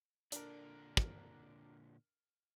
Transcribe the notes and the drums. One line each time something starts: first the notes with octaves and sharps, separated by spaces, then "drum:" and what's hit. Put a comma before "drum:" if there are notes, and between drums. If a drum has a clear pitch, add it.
A#2 D3 D4 A#4 D5, drum: hi-hat
drum: kick